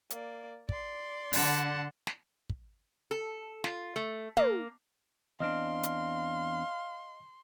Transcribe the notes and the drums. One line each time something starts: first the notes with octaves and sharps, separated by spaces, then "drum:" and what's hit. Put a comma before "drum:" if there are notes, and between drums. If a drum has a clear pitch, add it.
A#3 D5, drum: hi-hat
D5 C6, drum: kick
D3 F#5 A5, drum: open hi-hat
drum: snare
drum: kick
A4
F4, drum: snare
A3
A#3, drum: tom
E2 C4 D4 D#5 F5 C6 F6
drum: hi-hat